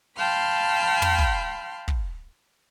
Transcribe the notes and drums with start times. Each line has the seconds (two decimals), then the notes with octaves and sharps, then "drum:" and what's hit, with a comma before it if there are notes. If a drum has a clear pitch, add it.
0.17 F5 G5 A5 B5 C6 F6
1.02 drum: tom
1.19 drum: kick
1.88 drum: kick